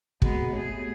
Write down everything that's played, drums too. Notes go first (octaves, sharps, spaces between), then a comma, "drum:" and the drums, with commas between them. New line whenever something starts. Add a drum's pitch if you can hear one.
G#3 A#3 B3 F#4 G#4, drum: kick
A3 B3 G4 G#4 C#5